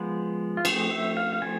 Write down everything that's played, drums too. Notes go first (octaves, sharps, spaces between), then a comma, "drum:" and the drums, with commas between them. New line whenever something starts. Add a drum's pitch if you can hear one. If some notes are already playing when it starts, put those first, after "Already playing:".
Already playing: F3 G#3 B3
F4
F3 A3 C4 G#4, drum: cymbal
E5
F5
F5
F3 A3 C4 G#5